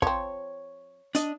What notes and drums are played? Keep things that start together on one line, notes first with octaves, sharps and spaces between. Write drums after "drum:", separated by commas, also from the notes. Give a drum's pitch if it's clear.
F3 C4 C#5, drum: kick
D4 D#5, drum: hi-hat